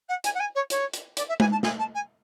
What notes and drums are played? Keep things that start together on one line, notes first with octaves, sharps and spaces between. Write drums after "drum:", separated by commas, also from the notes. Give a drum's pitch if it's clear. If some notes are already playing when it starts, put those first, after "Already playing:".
F#5
G#5, drum: hi-hat
F#5
G#5
C#5
C#5, drum: hi-hat
drum: hi-hat
D5, drum: hi-hat
E5
G#5, drum: tom G#3
A5
G#5, drum: snare
A5
G#5